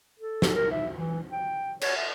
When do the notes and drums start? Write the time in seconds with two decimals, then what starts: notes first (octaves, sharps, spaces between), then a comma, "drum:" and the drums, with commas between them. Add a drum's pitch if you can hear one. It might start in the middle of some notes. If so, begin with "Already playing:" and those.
0.19 A4
0.42 drum: snare
0.55 A#4
0.71 E5
0.97 E3
1.32 G5
1.81 C#5, drum: cymbal
1.96 E5